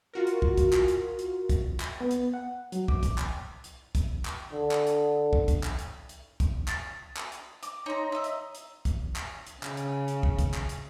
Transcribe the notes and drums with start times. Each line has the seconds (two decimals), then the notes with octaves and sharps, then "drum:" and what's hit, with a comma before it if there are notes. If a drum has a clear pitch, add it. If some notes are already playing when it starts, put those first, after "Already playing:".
0.13 F4 F#4 A#4
0.27 drum: hi-hat
0.42 drum: kick
0.57 drum: kick, hi-hat
0.73 drum: clap
0.88 drum: hi-hat
1.19 drum: hi-hat
1.49 drum: kick, hi-hat
1.80 drum: clap
2.01 B3
2.11 drum: hi-hat
2.34 F#5
2.72 F#3, drum: hi-hat
2.88 D6, drum: kick
3.03 drum: kick, hi-hat
3.18 drum: clap
3.64 drum: hi-hat
3.95 drum: kick, hi-hat
4.25 drum: clap
4.53 D3
4.71 drum: clap
4.87 drum: hi-hat
5.33 drum: kick
5.48 drum: kick, hi-hat
5.63 drum: clap
5.79 drum: hi-hat
6.09 drum: hi-hat
6.40 drum: kick, hi-hat
6.68 A6, drum: clap
7.17 drum: clap
7.32 drum: hi-hat
7.63 D6, drum: hi-hat
7.86 D#4 C#5 A#5 C6
8.12 D#5 E5 A#5 E6
8.24 drum: hi-hat
8.55 drum: hi-hat
8.85 drum: kick, hi-hat
9.16 drum: clap
9.47 drum: hi-hat
9.63 C#3, drum: clap
9.77 drum: hi-hat
10.08 drum: hi-hat
10.23 drum: kick
10.39 drum: kick, hi-hat
10.54 drum: clap
10.69 drum: hi-hat